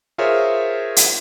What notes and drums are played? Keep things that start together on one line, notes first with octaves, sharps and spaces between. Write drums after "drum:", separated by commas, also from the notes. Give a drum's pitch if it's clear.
F4 G#4 A#4 C5 C#5 E5
drum: hi-hat